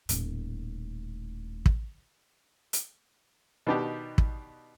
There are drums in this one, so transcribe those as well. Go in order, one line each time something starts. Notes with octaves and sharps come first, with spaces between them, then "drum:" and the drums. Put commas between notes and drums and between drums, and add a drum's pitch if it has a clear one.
D#1 A2, drum: hi-hat
drum: kick
drum: hi-hat
B2 D#3 B3 D4 D#4 G4
drum: kick